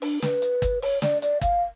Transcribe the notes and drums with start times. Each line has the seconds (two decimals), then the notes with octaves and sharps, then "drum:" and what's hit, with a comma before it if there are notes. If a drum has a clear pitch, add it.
0.02 D4, drum: open hi-hat
0.22 B4, drum: snare
0.42 drum: hi-hat
0.62 drum: kick, hi-hat
0.82 C#5, drum: open hi-hat
1.02 D5, drum: snare
1.22 D5, drum: hi-hat
1.41 F5, drum: kick, hi-hat